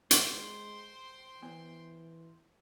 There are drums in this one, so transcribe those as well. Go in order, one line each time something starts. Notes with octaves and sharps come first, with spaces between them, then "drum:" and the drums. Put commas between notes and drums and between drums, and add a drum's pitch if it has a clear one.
G#3 C5 F#5 G5 C6, drum: hi-hat
E3 B3